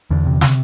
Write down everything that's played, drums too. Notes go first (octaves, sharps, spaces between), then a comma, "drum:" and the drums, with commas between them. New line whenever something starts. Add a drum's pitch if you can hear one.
E2 D3
C3
C3, drum: snare